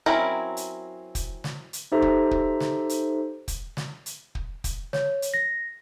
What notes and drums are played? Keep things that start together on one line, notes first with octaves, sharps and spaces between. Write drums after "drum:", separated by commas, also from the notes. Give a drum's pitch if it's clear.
F#3 C4 C#4 E4 A#4
drum: hi-hat
drum: kick, hi-hat
drum: snare
drum: hi-hat
D#4 G4 A4 C5 E5 A#5
drum: kick
drum: kick
drum: snare
drum: hi-hat
drum: kick, hi-hat
drum: snare
drum: hi-hat
drum: kick
drum: kick, hi-hat
C#5, drum: snare
drum: hi-hat
A#6